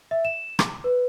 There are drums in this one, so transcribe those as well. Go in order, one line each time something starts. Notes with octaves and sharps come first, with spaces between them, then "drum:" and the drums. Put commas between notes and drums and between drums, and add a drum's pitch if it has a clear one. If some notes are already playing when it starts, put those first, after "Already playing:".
E5
E7
D6, drum: rim click
B4